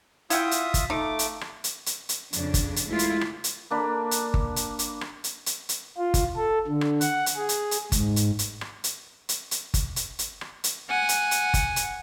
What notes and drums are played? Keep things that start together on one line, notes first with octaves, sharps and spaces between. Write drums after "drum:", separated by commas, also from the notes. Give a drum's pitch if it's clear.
E4 F4 E5 F#5 G5 D#6, drum: hi-hat
drum: hi-hat
drum: kick G1, hi-hat
A3 D#4 F4 D6
drum: hi-hat
drum: rim click
drum: hi-hat
drum: hi-hat
drum: hi-hat
F2 C#3 D4, drum: hi-hat
drum: kick G1, hi-hat
drum: hi-hat
E3 G#3 A3 E4 F4
drum: hi-hat
drum: rim click
drum: hi-hat
A#3 D4 B5
drum: hi-hat
drum: kick G1
drum: hi-hat
drum: hi-hat
drum: rim click
drum: hi-hat
drum: hi-hat
drum: hi-hat
F4
drum: kick G1, hi-hat
A4
D3
drum: rim click
F#5, drum: hi-hat
drum: hi-hat
G#4
drum: hi-hat
drum: hi-hat
G#2, drum: kick G1, hi-hat
drum: hi-hat
drum: hi-hat
drum: rim click
drum: hi-hat
drum: hi-hat
drum: hi-hat
drum: kick G1, hi-hat
drum: hi-hat
drum: hi-hat
drum: rim click
drum: hi-hat
F#5 G#5
drum: hi-hat
drum: hi-hat
drum: kick G1, hi-hat
drum: hi-hat